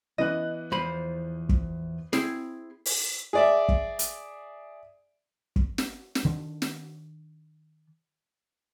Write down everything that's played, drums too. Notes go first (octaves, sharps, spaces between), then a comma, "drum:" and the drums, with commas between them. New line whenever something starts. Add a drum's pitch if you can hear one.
E3 B3 D#5 F#6
E2 F3 C5 B5
drum: kick
C4 E4 G#4, drum: snare
drum: open hi-hat
G#4 D5 E5
drum: kick
drum: hi-hat
drum: kick
drum: snare
drum: snare
D#3 D4
drum: snare